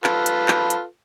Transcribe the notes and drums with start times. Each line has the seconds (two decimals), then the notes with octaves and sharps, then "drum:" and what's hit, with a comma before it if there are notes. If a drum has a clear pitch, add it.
0.04 F4 A4 B4, drum: clap
0.26 drum: hi-hat
0.48 drum: clap
0.70 drum: hi-hat